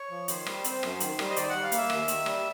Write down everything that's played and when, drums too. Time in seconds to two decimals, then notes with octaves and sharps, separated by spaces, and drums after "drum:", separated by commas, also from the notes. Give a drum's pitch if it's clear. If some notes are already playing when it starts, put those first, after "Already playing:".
Already playing: C#5
0.10 F3
0.28 D#3 C5, drum: hi-hat
0.46 G3, drum: rim click
0.64 C4, drum: hi-hat
0.83 F#2, drum: rim click
1.00 D#3, drum: hi-hat
1.19 G3, drum: rim click
1.30 D#5
1.36 D#3 D5, drum: hi-hat
1.50 G3 F#5
1.63 F5
1.72 A#3, drum: hi-hat
1.77 E5
1.90 D#2, drum: rim click
2.08 D#3, drum: hi-hat
2.26 G3, drum: rim click